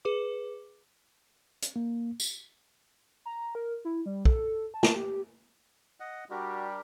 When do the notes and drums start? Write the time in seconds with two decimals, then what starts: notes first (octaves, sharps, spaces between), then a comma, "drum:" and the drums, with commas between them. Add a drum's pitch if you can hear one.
0.05 G#4 B4 D6
1.62 drum: hi-hat
1.76 A#3
2.20 drum: tambourine
3.26 A#5
3.55 A#4
3.85 E4
4.06 G3
4.25 A4, drum: kick
4.74 A5
4.83 drum: snare
4.96 G4
6.00 D#5 F#5
6.31 G3 D4 F#4 G4 A#4